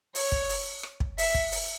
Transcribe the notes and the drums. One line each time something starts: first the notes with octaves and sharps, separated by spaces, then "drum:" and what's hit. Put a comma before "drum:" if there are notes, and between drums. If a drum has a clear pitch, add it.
C#5, drum: open hi-hat
drum: kick
drum: open hi-hat
drum: rim click
drum: kick
E5, drum: open hi-hat
drum: kick
drum: open hi-hat